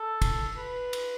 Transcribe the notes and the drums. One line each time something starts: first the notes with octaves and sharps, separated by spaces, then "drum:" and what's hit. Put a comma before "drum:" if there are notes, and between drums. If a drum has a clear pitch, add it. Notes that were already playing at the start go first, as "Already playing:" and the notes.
Already playing: A4
drum: kick, cymbal
B4
drum: cymbal